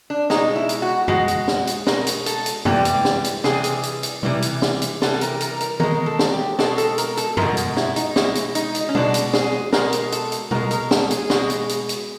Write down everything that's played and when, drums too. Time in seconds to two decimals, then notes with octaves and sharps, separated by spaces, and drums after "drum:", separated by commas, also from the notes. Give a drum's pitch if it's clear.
0.10 D4
0.30 B2 G#3 D#4, drum: snare
0.56 E4
0.69 drum: hi-hat
0.82 F#4
1.08 B2 G#3 F#4, drum: tom
1.28 drum: hi-hat
1.48 drum: snare
1.67 drum: hi-hat
1.87 B2 G#3 A#4, drum: snare
2.07 drum: hi-hat
2.26 A4, drum: hi-hat
2.46 drum: hi-hat
2.65 C3 E3 G3 G4, drum: tom
2.85 drum: hi-hat
3.05 drum: snare
3.24 drum: hi-hat
3.44 C3 E3 G3 G#4, drum: snare
3.64 drum: hi-hat
3.83 drum: hi-hat
4.03 drum: hi-hat
4.23 C3 E3 G3, drum: tom B2
4.42 drum: hi-hat
4.62 drum: snare
4.82 drum: hi-hat
5.02 C3 E3 G3 A4, drum: snare
5.21 A#4, drum: hi-hat
5.40 A#4, drum: hi-hat
5.60 A#4, drum: hi-hat
5.80 B2 G#3 A#4, drum: tom D#3
6.06 A4
6.19 drum: snare
6.32 G4
6.59 B2 G#3 A4, drum: snare
6.78 A4, drum: hi-hat
6.98 A#4, drum: hi-hat
7.17 A4, drum: hi-hat
7.37 B2 G#3 A#4, drum: tom
7.57 drum: hi-hat
7.76 E4, drum: snare
7.96 D#4, drum: hi-hat
8.16 B2 G#3 E4, drum: snare
8.35 drum: hi-hat
8.55 D#4, drum: hi-hat
8.75 drum: hi-hat
8.89 C#4
8.95 B2 G#3 D4, drum: tom B2
9.14 drum: hi-hat
9.33 G#4, drum: snare
9.73 B2 G#3 A#4, drum: snare
9.93 drum: hi-hat
10.12 A4, drum: hi-hat
10.32 drum: hi-hat
10.51 B2 G#3 A#4, drum: tom B2
10.71 A#4, drum: hi-hat
10.91 A4, drum: snare
11.11 G#4, drum: hi-hat
11.30 B2 G#3, drum: snare
11.50 drum: hi-hat
11.69 drum: hi-hat
11.89 drum: hi-hat